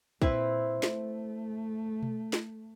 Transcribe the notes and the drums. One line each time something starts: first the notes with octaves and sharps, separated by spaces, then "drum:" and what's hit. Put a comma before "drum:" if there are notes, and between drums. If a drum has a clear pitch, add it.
A#2 C4 E4 B4, drum: kick
A3, drum: snare
drum: tom B2
drum: snare